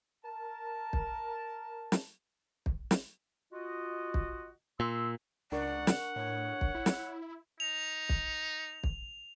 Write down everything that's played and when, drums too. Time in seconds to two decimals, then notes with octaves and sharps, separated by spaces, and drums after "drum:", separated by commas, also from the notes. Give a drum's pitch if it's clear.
0.23 A#4 A5
0.93 drum: kick
1.92 drum: snare
2.66 drum: kick
2.91 drum: snare
3.53 F4 F#4 D#5
4.14 drum: kick
4.80 A#2 C6 E6
5.52 C#2 D4 A#4 D5 F#5 C#6
5.87 drum: snare
6.16 A2 C#5
6.61 drum: kick
6.75 E4
6.86 drum: snare
7.60 D#4 F7
8.09 drum: kick
8.84 drum: kick